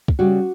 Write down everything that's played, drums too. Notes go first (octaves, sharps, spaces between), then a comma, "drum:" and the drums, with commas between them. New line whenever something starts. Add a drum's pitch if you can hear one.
drum: kick
C#3 G3 F#4